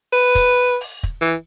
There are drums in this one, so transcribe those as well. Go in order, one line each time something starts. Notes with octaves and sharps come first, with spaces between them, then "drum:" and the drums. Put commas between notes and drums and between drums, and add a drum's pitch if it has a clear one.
B4
drum: kick, hi-hat
drum: open hi-hat
drum: kick
E3